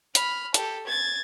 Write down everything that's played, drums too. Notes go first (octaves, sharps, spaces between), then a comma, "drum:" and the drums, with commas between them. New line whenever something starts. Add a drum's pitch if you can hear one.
B5 F6, drum: hi-hat
G4 A4, drum: hi-hat
G#6 A6